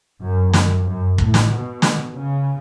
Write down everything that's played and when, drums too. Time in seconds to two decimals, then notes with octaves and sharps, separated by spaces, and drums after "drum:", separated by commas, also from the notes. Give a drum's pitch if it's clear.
0.22 F#2
0.53 F#2, drum: snare
0.86 F#2
1.18 A2, drum: kick
1.34 drum: snare
1.50 B2
1.82 drum: snare
2.14 C#3